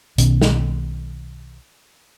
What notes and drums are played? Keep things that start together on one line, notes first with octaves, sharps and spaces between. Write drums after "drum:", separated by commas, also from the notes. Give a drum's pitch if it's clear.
B1 B2 D#3 C#4, drum: hi-hat
drum: snare